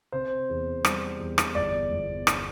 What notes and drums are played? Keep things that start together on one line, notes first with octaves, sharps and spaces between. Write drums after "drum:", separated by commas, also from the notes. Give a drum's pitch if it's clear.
C3 C5
E2
G3, drum: rim click
E2
drum: rim click
G1 D5
G1
drum: rim click